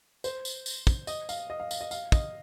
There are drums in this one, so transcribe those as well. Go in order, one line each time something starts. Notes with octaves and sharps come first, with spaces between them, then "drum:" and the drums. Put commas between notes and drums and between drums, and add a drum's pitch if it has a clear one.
C5, drum: tambourine
drum: tambourine
drum: tambourine
drum: kick, tambourine
D#5, drum: tambourine
F5, drum: tambourine
D#5
F5
F5, drum: tambourine
D#5
F5, drum: tambourine
D#5, drum: kick, tambourine